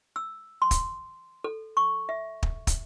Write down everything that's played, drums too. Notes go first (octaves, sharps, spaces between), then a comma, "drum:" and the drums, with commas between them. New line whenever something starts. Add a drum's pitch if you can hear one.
E6
C6
drum: kick, hi-hat
A4
C#6
E5
drum: kick
drum: kick, hi-hat